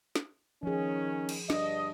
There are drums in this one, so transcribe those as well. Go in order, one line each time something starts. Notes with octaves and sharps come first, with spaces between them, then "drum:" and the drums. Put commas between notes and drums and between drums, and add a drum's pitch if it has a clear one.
drum: snare
D#3 F3 C#4 G#4
drum: cymbal
G2 D4 D#5, drum: snare